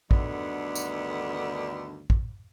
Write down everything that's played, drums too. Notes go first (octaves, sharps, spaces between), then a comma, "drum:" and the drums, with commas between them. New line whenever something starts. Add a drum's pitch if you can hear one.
D2 G2 D3 D#3 B3, drum: kick
drum: tambourine
drum: kick